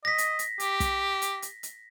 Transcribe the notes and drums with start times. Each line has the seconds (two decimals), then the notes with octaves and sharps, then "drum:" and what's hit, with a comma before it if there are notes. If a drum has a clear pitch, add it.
0.05 D#5 A#6 B6
0.18 drum: hi-hat
0.39 drum: hi-hat
0.60 G4, drum: hi-hat
0.80 drum: kick, hi-hat
1.22 drum: hi-hat
1.42 drum: hi-hat
1.63 drum: hi-hat